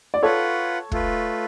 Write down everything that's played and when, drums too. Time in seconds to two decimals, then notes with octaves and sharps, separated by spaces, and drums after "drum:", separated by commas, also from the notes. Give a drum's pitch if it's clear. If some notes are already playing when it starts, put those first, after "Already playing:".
0.14 D5
0.22 F4 A4 B4 C#5 F#5
0.92 A3 F4 B4, drum: kick